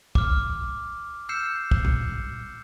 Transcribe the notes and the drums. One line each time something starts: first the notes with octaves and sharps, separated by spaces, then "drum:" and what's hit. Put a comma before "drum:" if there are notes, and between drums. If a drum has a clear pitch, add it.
D6 F6, drum: kick
E6 F6 G6 C7 C#7 E7
drum: kick
drum: tom A#2